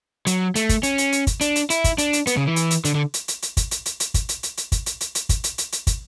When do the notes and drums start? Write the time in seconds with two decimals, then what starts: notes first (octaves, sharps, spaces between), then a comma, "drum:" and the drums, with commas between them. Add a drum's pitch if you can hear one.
0.27 F#3, drum: hi-hat
0.55 A3, drum: hi-hat
0.69 drum: kick, hi-hat
0.83 C#4, drum: hi-hat
0.98 drum: hi-hat
1.12 drum: hi-hat
1.27 drum: kick, hi-hat
1.41 D4, drum: hi-hat
1.56 drum: hi-hat
1.70 E4, drum: hi-hat
1.84 drum: kick, hi-hat
1.98 D4, drum: hi-hat
2.13 drum: hi-hat
2.27 B3, drum: hi-hat
2.37 C#3
2.47 E3
2.56 drum: hi-hat
2.71 drum: hi-hat
2.85 D3, drum: hi-hat
2.95 D3
3.14 drum: hi-hat
3.28 drum: hi-hat
3.42 drum: hi-hat
3.57 drum: kick, hi-hat
3.71 drum: hi-hat
3.86 drum: hi-hat
4.00 drum: hi-hat
4.14 drum: kick, hi-hat
4.29 drum: hi-hat
4.43 drum: hi-hat
4.57 drum: hi-hat
4.72 drum: kick, hi-hat
4.86 drum: hi-hat
5.01 drum: hi-hat
5.15 drum: hi-hat
5.29 drum: kick, hi-hat
5.44 drum: hi-hat
5.58 drum: hi-hat
5.72 drum: hi-hat
5.87 drum: kick, hi-hat